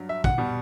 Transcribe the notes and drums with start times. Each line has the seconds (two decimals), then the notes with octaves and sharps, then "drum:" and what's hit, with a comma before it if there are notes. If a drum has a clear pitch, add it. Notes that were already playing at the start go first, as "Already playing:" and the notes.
Already playing: G2 F#3
0.09 E5
0.24 F#5, drum: kick
0.38 B2 G3